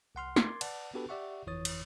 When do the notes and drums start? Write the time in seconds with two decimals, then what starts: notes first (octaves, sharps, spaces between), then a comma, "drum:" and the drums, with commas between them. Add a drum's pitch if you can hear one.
0.15 C2 F#5 C6 F6
0.36 A#4 C6 D6 G#6 A6, drum: snare
0.61 B4 D5 F#5 A5, drum: cymbal
0.94 B3 D4 F#4 G4 A4 B4
1.09 G4 D5 E5 F#5 C#6
1.47 G1 F2 E3 C#5 D#6 A6
1.65 drum: cymbal